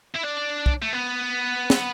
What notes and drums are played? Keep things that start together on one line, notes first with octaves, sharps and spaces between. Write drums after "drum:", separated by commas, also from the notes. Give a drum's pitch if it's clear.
E4
D4
drum: kick
A3
B3
drum: snare